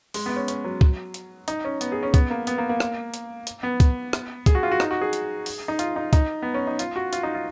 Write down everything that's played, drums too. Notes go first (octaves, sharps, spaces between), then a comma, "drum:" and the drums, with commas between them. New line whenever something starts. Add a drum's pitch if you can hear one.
G#3, drum: open hi-hat
B3
C#4
C#4, drum: hi-hat
F#3
drum: kick
drum: hi-hat
D#4, drum: hi-hat
C#4
B3, drum: hi-hat
G#4
C#4
B3, drum: kick, hi-hat
A#3
B3, drum: hi-hat
A#3
A#3
drum: rim click
drum: hi-hat
drum: hi-hat
B3
drum: kick, hi-hat
drum: rim click
G#4, drum: kick, hi-hat
F#4
F4
F#4
D#4, drum: rim click
F#4
G#4
drum: hi-hat
drum: open hi-hat
D#4
F4, drum: hi-hat
D#4
D#4, drum: kick, hi-hat
B3
C#4
D#4
F4, drum: hi-hat
F#4
F4, drum: hi-hat
D#4
F4